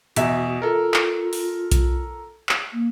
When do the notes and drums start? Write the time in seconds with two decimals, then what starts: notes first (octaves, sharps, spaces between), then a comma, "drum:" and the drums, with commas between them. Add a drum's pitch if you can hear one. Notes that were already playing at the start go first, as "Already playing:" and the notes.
0.16 E2 B2 F#4 E5, drum: hi-hat
0.62 F4 A4 A#4
0.94 drum: clap
1.33 drum: open hi-hat
1.72 drum: kick B1, hi-hat
2.49 drum: clap
2.72 A#3